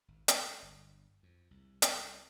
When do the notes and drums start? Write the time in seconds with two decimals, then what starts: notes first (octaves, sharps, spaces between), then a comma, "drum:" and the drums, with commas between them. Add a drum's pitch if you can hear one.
0.08 G#1
0.28 G#3, drum: hi-hat
0.62 G1
1.23 F2
1.51 C2
1.82 drum: hi-hat